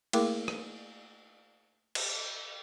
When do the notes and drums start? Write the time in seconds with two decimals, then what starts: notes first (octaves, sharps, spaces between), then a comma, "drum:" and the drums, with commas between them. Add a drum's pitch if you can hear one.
0.13 A3 A#3 E4 G#4 A#4 D6, drum: cymbal
0.48 drum: rim click
1.95 drum: cymbal